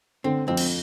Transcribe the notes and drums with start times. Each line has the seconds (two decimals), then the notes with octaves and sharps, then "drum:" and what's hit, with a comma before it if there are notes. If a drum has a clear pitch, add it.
0.24 D3 C4
0.48 F2 C4
0.57 drum: cymbal